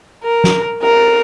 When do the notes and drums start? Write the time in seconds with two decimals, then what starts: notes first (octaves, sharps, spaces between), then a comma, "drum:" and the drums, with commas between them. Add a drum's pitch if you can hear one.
0.24 A#4
0.44 drum: snare
0.82 A#4, drum: cymbal